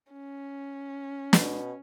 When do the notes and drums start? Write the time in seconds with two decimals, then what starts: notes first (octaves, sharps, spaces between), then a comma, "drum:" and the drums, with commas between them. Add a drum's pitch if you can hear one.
0.12 C#4
1.33 B2, drum: snare